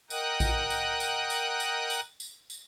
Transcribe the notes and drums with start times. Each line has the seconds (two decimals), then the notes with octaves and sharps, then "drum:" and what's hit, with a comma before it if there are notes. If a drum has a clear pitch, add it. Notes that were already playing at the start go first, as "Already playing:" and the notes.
0.10 A#4 D#5 F#5 G5 D#6 F#6, drum: tambourine
0.40 drum: kick A1, tambourine
0.70 drum: tambourine
1.00 drum: tambourine
1.30 drum: tambourine
1.60 drum: tambourine
1.90 drum: tambourine
2.20 drum: tambourine
2.50 drum: tambourine